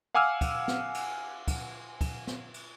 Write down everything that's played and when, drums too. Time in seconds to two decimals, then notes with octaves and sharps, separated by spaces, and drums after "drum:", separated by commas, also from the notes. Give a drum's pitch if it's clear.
0.15 F5 F#5 G#5 D6 E6 F6
0.41 drum: kick, cymbal
0.68 drum: snare
0.94 drum: cymbal
1.48 drum: kick, cymbal
2.01 drum: kick, cymbal
2.27 drum: snare
2.54 drum: cymbal